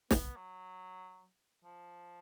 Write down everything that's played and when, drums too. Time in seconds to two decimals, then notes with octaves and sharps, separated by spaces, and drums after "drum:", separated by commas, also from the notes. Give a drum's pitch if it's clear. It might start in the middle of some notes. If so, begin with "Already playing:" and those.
0.11 B3, drum: snare
0.36 F#3
1.64 F3